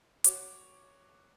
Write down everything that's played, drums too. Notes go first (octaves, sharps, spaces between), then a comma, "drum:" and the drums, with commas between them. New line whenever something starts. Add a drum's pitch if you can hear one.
F#4 C#5 D6, drum: hi-hat